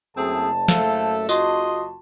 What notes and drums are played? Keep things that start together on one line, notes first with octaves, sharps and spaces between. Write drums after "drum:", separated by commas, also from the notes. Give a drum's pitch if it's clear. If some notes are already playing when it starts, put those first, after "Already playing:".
F#1 A3 C4 G#4 A5
A3 A4 C5 F5, drum: snare
F4 F#4 D#5 C6, drum: tambourine